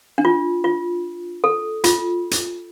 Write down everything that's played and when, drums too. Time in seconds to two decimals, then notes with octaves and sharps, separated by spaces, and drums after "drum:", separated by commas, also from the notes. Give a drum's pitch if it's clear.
0.18 D4
0.25 F4
0.64 F4
1.44 A4
1.84 F4, drum: hi-hat
2.31 drum: hi-hat